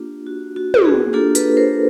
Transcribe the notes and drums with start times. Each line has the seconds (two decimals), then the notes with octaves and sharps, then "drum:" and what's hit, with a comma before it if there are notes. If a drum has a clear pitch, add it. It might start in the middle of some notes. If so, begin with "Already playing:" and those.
Already playing: A#3 D4 F4 G4
0.27 F#4
0.56 F#4
0.74 drum: tom
0.85 F#4 G#4
1.13 A#3 D4 F4 G4 A4
1.35 A4 B4, drum: hi-hat
1.57 A#4 C5